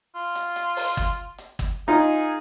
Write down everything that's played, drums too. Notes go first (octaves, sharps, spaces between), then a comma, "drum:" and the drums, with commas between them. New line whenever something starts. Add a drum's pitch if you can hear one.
F4
drum: hi-hat
drum: hi-hat
drum: open hi-hat
drum: kick, hi-hat
drum: hi-hat
drum: kick, hi-hat
D#4 F4 G#4